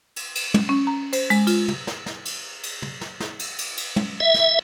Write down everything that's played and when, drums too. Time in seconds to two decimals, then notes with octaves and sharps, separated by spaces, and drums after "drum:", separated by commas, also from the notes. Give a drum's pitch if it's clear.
0.16 drum: cymbal
0.35 drum: cymbal
0.54 drum: tom
0.69 C#4
0.87 A#5
1.13 C5, drum: cymbal
1.30 G#3, drum: cymbal
1.47 F4, drum: cymbal
1.68 drum: tom
1.87 drum: snare
2.06 drum: snare
2.25 drum: cymbal
2.63 drum: cymbal
2.82 drum: tom
3.01 drum: snare
3.20 drum: snare
3.39 drum: cymbal
3.58 drum: cymbal
3.77 drum: cymbal
3.96 drum: tom
4.20 E5
4.34 drum: snare